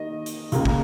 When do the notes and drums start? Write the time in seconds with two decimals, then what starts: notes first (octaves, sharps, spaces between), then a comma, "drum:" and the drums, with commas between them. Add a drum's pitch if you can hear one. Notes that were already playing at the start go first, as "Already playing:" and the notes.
Already playing: D#3 A#3 D#5
0.26 drum: hi-hat
0.52 C#2 C#3 A#3, drum: hi-hat
0.65 drum: kick